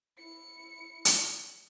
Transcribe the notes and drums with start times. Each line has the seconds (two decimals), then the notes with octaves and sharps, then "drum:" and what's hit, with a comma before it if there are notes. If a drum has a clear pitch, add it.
0.18 E4 C#7
1.05 drum: hi-hat